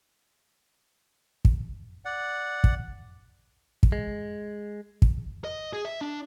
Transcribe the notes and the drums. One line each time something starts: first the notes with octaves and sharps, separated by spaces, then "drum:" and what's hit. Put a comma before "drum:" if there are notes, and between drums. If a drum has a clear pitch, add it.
drum: kick
D5 F#5
drum: kick
drum: kick
G#3
drum: kick
D#5
G#4
E5
D4